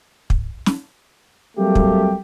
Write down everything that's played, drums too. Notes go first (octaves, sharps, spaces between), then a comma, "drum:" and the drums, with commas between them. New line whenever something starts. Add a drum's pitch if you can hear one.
drum: kick
drum: snare
F#3 G3 A3 A#3 C4 G4
drum: kick